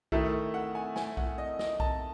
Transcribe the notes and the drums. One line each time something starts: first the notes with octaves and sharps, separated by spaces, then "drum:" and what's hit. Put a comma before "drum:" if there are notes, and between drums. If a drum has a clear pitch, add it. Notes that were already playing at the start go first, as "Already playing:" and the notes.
D#3 A3 E4, drum: kick B1
F#5
G#5
G#5, drum: snare
F#5, drum: kick B1
D#5
D#5, drum: snare
A5, drum: kick B1